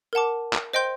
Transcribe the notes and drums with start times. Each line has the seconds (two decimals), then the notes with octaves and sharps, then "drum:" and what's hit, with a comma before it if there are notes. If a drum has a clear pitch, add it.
0.13 A#4 F#5 A5 D6
0.53 drum: clap
0.73 C5 D#5 G5 C6 G6